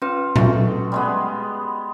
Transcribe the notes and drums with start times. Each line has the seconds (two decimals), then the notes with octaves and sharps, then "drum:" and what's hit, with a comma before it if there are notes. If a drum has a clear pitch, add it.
0.02 C#4 F4 B4
0.36 G#3 A3 F#4, drum: tom A#2
0.92 G3 G#3 B3